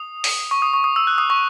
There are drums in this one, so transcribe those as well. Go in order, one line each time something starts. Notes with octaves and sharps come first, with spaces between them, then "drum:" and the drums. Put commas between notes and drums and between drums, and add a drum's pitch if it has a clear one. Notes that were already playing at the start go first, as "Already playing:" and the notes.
Already playing: D#6
drum: open hi-hat
C#6
D#6
C#6
D#6
E6
F#6
D#6
C#6